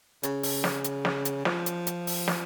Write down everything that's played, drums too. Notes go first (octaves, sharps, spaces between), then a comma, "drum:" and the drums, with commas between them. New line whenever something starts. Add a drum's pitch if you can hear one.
C#3, drum: hi-hat
drum: open hi-hat
drum: snare
drum: hi-hat
drum: snare
drum: hi-hat
F3, drum: snare
drum: hi-hat
drum: hi-hat
drum: open hi-hat
drum: snare